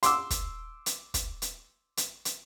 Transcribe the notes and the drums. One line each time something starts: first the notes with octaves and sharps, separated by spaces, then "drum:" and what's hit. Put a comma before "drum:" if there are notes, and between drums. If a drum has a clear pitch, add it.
C6 D6 E6, drum: hi-hat
drum: kick, hi-hat
drum: hi-hat
drum: kick, hi-hat
drum: hi-hat
drum: hi-hat
drum: hi-hat